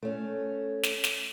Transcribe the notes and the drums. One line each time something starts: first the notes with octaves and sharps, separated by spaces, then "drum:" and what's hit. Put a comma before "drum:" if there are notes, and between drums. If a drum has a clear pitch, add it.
A3 C#4
drum: snare
drum: snare